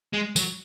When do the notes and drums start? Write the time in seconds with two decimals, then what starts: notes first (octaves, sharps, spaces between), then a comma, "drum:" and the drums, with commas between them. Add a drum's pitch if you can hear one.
0.13 G#3
0.36 F#3, drum: tambourine